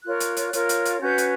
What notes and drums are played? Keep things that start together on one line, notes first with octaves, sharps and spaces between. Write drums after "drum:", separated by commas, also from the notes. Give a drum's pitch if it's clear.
F4 A#4 C#5 F#6
drum: hi-hat
drum: hi-hat
F4 A#4 C#5, drum: hi-hat
drum: hi-hat
drum: hi-hat
C#4 F#4 B4 G6
drum: hi-hat